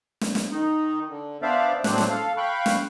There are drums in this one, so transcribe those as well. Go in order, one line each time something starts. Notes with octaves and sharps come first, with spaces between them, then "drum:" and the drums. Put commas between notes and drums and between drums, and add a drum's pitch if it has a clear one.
drum: snare
drum: snare
D#3 D#4
D3
B3 D4 C5 D5 E5 F5
A2 F#3 C4 D4 C5 F#6, drum: snare
drum: snare
A4 F5
F5 G5 B5 C#6 F#6
drum: snare